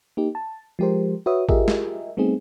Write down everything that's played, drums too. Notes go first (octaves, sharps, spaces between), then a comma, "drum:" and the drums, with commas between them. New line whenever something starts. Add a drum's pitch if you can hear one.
A#3 D#4 G4
A5
F3 G#3 G4 A#4 C5
F#4 B4 C#5 E5 D#6
F4 G4 G#4 A#4 D#5 E5, drum: kick A1
drum: snare
G3 A3 B3 C4 D#4 G#4